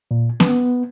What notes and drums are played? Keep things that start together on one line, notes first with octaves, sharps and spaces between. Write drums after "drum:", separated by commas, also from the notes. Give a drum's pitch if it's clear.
A#2
B3, drum: snare B3